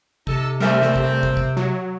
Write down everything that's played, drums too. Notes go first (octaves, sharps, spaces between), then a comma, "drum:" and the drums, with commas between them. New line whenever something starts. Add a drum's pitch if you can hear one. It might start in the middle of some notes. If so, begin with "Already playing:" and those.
C3 D#4 A4, drum: kick
G3 A3 C4 A#4 E5 G#5
drum: snare
drum: kick
drum: kick
drum: kick
F#3